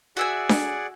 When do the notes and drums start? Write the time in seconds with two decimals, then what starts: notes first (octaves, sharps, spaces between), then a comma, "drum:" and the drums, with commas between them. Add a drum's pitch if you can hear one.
0.17 F#4 G#4 D5 E5 F#5 G#5
0.49 drum: snare D4